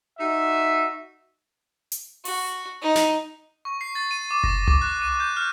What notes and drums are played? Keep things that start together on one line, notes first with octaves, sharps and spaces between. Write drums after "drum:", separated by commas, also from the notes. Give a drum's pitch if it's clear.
D#4 F#4 E5
drum: hi-hat
F#4, drum: open hi-hat
D#4
drum: snare
C#6
C7
A6
D#7
D6
A#6, drum: kick F#1
D6, drum: tom C2
F#6
D#7
G6
F6